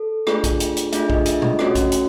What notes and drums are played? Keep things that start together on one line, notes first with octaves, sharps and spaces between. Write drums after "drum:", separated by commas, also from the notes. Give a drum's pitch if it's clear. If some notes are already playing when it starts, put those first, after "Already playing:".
Already playing: A4
A3 D4 F4 G#4, drum: rim click
drum: kick A#1, hi-hat
drum: hi-hat
drum: hi-hat
A3 D4 F4 G#4 E5, drum: hi-hat
D#5, drum: kick A#1
E5, drum: hi-hat
D#5, drum: tom
A3 C#4 F#4, drum: rim click
drum: kick A#1, hi-hat
drum: hi-hat